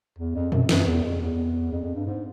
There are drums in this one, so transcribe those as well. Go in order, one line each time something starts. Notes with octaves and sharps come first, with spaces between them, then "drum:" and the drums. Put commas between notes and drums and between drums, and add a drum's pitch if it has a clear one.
E2
F2
F#2, drum: tom A#2
F#2, drum: snare
E2
F2
E2
F2
F2
G2
G#2